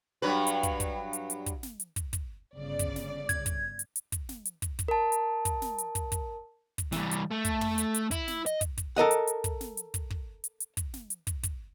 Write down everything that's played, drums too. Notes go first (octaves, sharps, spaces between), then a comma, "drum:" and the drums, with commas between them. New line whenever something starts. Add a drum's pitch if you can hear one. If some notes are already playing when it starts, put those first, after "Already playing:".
G2 F#3 B4
drum: hi-hat
drum: kick, hi-hat
drum: kick, hi-hat
drum: hi-hat
drum: hi-hat
drum: kick, hi-hat
drum: snare
drum: hi-hat
drum: kick, hi-hat
drum: kick, hi-hat
G1 C#3 D5
drum: kick, hi-hat
drum: snare
G#6, drum: kick, hi-hat
drum: kick, hi-hat
drum: hi-hat
drum: hi-hat
drum: kick, hi-hat
drum: snare
drum: hi-hat
drum: kick, hi-hat
drum: kick, hi-hat
A#4 A5
drum: hi-hat
drum: kick, hi-hat
drum: snare
drum: hi-hat
drum: kick, hi-hat
drum: kick, hi-hat
drum: kick, hi-hat
E3 G3, drum: snare
drum: hi-hat
A3
drum: kick, hi-hat
drum: tom
drum: hi-hat
drum: hi-hat
E4, drum: kick, hi-hat
drum: snare
D#5, drum: hi-hat
drum: kick, hi-hat
drum: kick, hi-hat
A4 A#4 D#5 F#5
drum: hi-hat
drum: hi-hat
drum: kick, hi-hat
drum: snare
drum: hi-hat
drum: kick, hi-hat
drum: kick
drum: hi-hat
drum: hi-hat
drum: kick, hi-hat
drum: snare
drum: hi-hat
drum: kick, hi-hat
drum: kick, hi-hat